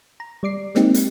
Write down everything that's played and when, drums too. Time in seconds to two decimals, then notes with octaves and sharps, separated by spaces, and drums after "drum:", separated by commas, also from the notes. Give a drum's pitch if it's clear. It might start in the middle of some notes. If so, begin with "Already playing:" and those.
0.20 A#5
0.43 G3 D5 D6 C7
0.75 G#3 A#3 C4 D#4 G4, drum: snare
0.94 drum: hi-hat